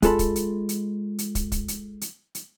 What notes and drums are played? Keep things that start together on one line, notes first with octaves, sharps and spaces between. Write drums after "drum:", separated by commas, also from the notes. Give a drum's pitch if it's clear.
G#3 F4 A4 B5, drum: kick, hi-hat
drum: kick, hi-hat
drum: hi-hat
drum: hi-hat
drum: hi-hat
drum: kick, hi-hat
drum: kick, hi-hat
drum: hi-hat
drum: hi-hat
drum: hi-hat